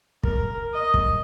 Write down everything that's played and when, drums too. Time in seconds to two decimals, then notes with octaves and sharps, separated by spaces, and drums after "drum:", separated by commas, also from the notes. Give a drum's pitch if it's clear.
0.23 A#4, drum: kick
0.73 D#5
0.94 drum: kick